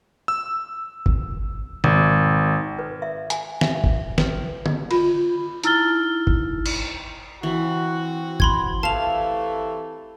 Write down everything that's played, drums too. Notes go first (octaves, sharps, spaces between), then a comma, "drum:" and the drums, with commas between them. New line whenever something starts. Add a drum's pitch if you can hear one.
E6
drum: kick G1
G#1, drum: tom B2
B4
E5
G#5, drum: hi-hat
E5, drum: snare
E5
drum: kick G1
B4, drum: snare
D#5, drum: tom D3
F4, drum: cymbal
D#4 E4 E6 F6 A6 G7, drum: hi-hat
drum: kick G1
drum: cymbal
E3 C4 F#4
B5 C6 G#6, drum: kick G1
C3 E3 A3 F5 A5 F7